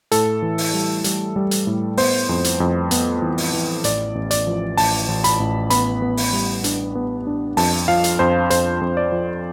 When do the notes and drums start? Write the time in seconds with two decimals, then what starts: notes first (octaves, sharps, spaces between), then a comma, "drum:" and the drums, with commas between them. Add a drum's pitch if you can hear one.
0.12 A2 A4, drum: hi-hat
0.42 E3
0.58 drum: open hi-hat
0.74 G3
1.04 G3, drum: hi-hat
1.36 G3
1.51 drum: hi-hat
1.67 A2
1.97 B3 C5, drum: open hi-hat
2.29 F2
2.44 drum: hi-hat
2.60 F2
2.91 B3, drum: hi-hat
3.22 E3
3.38 drum: open hi-hat
3.53 E3
3.84 A1 D5, drum: hi-hat
4.15 A1
4.31 D5, drum: hi-hat
4.47 F3
4.77 A1 A5, drum: open hi-hat
5.08 A1
5.24 B5, drum: hi-hat
5.40 A1
5.70 B3 B5, drum: hi-hat
6.02 B3
6.17 drum: open hi-hat
6.33 G3
6.64 D4, drum: hi-hat
6.95 B3
7.27 D4
7.57 F2 A5, drum: open hi-hat
7.88 F3 F5
8.04 drum: hi-hat
8.19 F2 C5
8.50 F2 C5, drum: hi-hat
8.81 F2
8.97 D5
9.12 F3